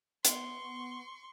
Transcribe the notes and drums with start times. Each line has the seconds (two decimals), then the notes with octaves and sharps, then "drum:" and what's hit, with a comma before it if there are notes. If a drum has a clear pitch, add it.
0.25 B3 C6 C#6, drum: hi-hat